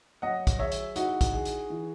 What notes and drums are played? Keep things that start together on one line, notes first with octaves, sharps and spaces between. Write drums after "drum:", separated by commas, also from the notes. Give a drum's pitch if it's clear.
F#3 D#5 F#5
drum: kick, hi-hat
G#4 C#5 E5
drum: hi-hat
D#4 E4 F#4, drum: hi-hat
drum: kick, hi-hat
G#4
drum: hi-hat
E3